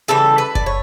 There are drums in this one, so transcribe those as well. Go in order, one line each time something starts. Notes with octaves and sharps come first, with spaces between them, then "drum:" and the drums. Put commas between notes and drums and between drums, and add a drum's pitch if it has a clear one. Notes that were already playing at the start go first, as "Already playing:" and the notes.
C#3 E3 G3 A4
B4
D5, drum: kick F#1
C#5